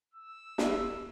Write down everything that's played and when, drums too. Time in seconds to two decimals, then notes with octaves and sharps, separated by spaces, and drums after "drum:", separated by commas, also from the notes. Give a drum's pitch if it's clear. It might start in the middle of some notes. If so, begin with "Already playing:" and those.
0.14 E6
0.58 drum: snare